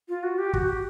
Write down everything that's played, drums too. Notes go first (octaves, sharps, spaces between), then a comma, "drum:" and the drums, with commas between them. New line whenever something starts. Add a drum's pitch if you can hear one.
F4
F#4
G4
F#4, drum: kick
G4